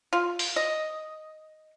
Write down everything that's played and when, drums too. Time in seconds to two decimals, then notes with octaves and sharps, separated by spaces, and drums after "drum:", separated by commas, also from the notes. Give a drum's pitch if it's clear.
0.13 F4
0.39 drum: open hi-hat
0.56 D#5